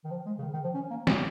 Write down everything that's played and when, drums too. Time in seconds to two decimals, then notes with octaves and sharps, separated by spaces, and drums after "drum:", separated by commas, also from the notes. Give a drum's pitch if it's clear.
0.04 D#3
0.11 F3
0.26 G#3
0.39 C#3
0.42 D#3
0.53 D#3
0.64 F3
0.74 C#4
0.90 A#3
1.07 G#3, drum: snare